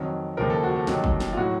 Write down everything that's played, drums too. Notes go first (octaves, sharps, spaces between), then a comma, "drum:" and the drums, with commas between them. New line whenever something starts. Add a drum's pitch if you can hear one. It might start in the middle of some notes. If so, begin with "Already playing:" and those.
Already playing: F2 D#3 F#3
D#2 C#3 F3 A#4
A4
F#4
A4
D#2 D#3 F#3, drum: snare
drum: kick
drum: snare
F4
A2 F#3 F#4